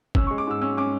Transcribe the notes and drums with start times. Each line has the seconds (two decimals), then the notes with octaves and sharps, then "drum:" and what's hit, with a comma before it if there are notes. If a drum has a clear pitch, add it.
0.15 C#4 E6, drum: kick G1
0.27 G#3 C#6
0.38 D6
0.47 G#2 E6
0.61 C#4 E6
0.77 C#4 D6